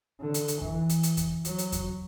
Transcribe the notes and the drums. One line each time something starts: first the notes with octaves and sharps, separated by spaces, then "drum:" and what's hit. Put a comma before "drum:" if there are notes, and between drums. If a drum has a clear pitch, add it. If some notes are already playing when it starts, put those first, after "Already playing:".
D3
drum: hi-hat
drum: hi-hat
E3, drum: kick E2
drum: hi-hat
drum: hi-hat
drum: kick E2, hi-hat
F#3, drum: hi-hat
drum: hi-hat
drum: kick E2, hi-hat